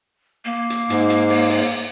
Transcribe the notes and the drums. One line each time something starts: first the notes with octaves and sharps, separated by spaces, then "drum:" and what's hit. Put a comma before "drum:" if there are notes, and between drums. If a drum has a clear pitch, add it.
A#3
drum: hi-hat
G#2, drum: hi-hat
drum: hi-hat
drum: open hi-hat
drum: open hi-hat